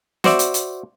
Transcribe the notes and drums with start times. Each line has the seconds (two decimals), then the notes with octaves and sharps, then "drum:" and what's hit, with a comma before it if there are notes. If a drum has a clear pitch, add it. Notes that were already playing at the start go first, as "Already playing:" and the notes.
0.24 F#4 C5 D5 E5, drum: snare
0.39 drum: hi-hat
0.54 drum: hi-hat